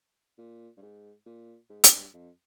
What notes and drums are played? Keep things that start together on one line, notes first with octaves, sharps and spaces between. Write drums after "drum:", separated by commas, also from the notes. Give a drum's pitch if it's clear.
A#2
G2
G#2
A#2
G#2
F2, drum: hi-hat
G2
F2